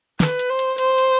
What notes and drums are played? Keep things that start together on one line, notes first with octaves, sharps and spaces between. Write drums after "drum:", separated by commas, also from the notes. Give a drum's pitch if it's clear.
B4, drum: snare
drum: hi-hat
C5
drum: hi-hat
C5, drum: hi-hat
drum: hi-hat